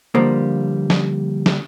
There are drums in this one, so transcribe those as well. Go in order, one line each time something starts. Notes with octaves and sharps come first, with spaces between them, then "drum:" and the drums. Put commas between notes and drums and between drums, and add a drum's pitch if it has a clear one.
D3 F3 G3 A#3
drum: snare
drum: snare